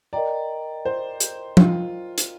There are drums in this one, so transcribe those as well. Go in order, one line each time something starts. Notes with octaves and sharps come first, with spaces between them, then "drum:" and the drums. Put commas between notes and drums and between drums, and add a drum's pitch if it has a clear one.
A#4 D5 D#5 G5 A#5
C5
drum: hi-hat
F4, drum: tom F3
drum: hi-hat